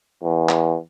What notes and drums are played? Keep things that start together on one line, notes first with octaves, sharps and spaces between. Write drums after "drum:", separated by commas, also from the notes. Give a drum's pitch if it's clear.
E2
drum: clap